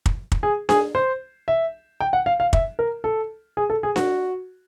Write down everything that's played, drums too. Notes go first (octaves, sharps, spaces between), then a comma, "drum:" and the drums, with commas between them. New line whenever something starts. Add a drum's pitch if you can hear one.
drum: kick
drum: kick
G#4
G#4, drum: snare D4
C5
E5
G5
F#5
F5
F5
E5, drum: kick
A#4
A4
G#4
A4
G#4
F#4, drum: snare D4